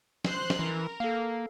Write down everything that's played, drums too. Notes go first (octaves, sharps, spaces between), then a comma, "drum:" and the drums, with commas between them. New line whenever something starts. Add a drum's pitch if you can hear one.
C5 C6 F#6, drum: snare
drum: snare
E3 A#4
A#3 A4 F5